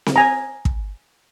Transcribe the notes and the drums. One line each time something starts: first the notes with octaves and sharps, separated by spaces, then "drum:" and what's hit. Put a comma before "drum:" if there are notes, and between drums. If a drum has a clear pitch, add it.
drum: snare C4
G#5 A#5
drum: kick